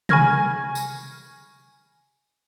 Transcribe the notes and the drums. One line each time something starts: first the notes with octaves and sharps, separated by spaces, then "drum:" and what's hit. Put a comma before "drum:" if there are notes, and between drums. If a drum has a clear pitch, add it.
G#5 B5 C#6 F6 G#6 A#6, drum: tom C3
drum: tambourine